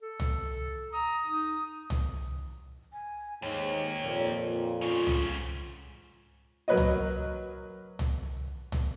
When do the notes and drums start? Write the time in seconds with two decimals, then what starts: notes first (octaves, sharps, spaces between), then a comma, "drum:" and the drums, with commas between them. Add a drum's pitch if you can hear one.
0.02 A4
0.20 drum: tom
0.93 A#5 D#6
1.25 D#4
1.90 drum: tom
2.93 G#5
3.42 D#2 G#2 C#5
4.02 F2 A#2
4.81 G#2 C#3 F4
5.07 drum: tom
6.68 F#3 A#4 B4 C#5 D#5
6.77 drum: tom
7.99 drum: tom
8.72 drum: tom